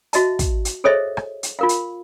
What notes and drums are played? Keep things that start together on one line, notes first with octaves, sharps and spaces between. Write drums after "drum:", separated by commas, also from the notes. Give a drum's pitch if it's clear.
F#4 D#5 E5 A5, drum: hi-hat
drum: kick, hi-hat
drum: hi-hat
G#4 A4 C5 C#5 D#5 E5
drum: rim click
drum: hi-hat
F4 A#4 F5
drum: hi-hat